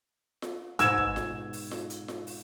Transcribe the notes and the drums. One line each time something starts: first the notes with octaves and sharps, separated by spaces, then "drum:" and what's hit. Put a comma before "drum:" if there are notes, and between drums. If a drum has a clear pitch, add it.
drum: snare F4
G#2 B2 E6 G#6 E7, drum: hi-hat
drum: kick
drum: snare F4
drum: open hi-hat
drum: snare F4
drum: hi-hat
drum: snare F4
drum: open hi-hat